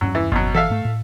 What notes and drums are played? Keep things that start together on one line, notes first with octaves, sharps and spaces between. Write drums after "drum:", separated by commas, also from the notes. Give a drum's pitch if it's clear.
E1 G2 F#3 C#4
E3
B2 F#3, drum: kick G1
E3 A4 E5 F5
G#2 A3
A2